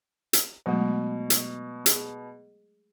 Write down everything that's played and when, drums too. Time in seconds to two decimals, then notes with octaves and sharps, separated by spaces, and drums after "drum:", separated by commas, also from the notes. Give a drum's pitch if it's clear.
0.33 drum: hi-hat
0.66 B2 F#3 G#3 A3
1.30 drum: hi-hat
1.86 G#4, drum: hi-hat